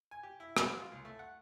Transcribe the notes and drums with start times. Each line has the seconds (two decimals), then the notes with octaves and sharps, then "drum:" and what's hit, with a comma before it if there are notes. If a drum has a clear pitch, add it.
0.11 G#5
0.23 G4
0.40 E4
0.57 F#4, drum: rim click
0.79 F4
0.92 C#2
1.05 A3
1.19 F#5